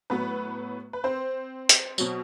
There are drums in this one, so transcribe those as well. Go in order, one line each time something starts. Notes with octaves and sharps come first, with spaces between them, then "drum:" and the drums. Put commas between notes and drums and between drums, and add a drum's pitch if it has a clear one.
A2 F#3 B3 B4
B4
C4 C5
drum: hi-hat
B2 F#3, drum: tambourine